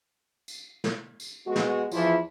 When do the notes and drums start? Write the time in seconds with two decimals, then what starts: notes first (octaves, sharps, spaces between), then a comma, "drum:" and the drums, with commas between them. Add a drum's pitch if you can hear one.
0.48 drum: tambourine
0.84 drum: snare
1.20 drum: tambourine
1.46 G#3 B3 F#4
1.56 drum: snare
1.92 E2 E3 F3 E4 F4, drum: tambourine